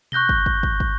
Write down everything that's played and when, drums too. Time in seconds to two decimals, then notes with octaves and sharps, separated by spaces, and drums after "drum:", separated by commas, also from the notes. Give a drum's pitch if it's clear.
0.12 C#6 F#6 G6 A#6 G7, drum: tom B2
0.29 drum: kick
0.46 drum: kick
0.63 drum: kick
0.80 drum: kick